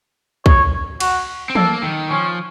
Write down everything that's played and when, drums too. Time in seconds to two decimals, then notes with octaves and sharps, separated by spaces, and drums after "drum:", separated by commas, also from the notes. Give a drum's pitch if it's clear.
0.46 C#5, drum: kick
1.00 F#4, drum: cymbal
1.50 C4
1.55 A#3 A4, drum: tom E3
1.83 D#3
2.10 F3 C#4